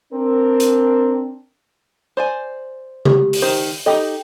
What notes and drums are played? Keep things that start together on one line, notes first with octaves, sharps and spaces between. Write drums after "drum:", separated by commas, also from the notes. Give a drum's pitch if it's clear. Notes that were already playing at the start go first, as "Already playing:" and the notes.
C4 D4 A#4
drum: hi-hat
C5 D5 G#5
G4, drum: tom C3
drum: open hi-hat
D#3 C5
D#4 G4 A4 D#5 G5